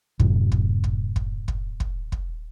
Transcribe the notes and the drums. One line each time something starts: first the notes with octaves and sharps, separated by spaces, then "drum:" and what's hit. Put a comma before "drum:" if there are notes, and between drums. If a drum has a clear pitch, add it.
F#2 A2 C3 F#3, drum: kick
drum: kick
drum: kick
drum: kick
drum: kick
drum: kick
drum: kick